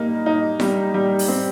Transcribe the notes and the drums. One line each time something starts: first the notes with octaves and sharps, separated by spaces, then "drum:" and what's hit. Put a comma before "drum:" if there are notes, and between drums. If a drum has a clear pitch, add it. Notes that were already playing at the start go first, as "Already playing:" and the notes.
Already playing: G3 A#3 D#4
D#4
G3, drum: snare E4
G3
drum: open hi-hat
C4